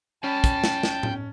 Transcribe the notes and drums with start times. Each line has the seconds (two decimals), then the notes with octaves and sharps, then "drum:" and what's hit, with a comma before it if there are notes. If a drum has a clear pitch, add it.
0.24 C#4 G5 A5 B5
0.44 drum: kick, hi-hat
0.64 drum: snare
0.83 drum: snare
1.03 drum: tom A2